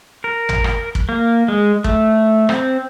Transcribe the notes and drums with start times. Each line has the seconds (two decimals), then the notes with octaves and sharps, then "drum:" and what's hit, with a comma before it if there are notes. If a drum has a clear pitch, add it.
0.24 A#4
0.49 drum: tom
0.64 drum: rim click
0.95 drum: kick
1.09 A#3
1.48 G#3
1.84 A3, drum: kick
2.49 C4, drum: rim click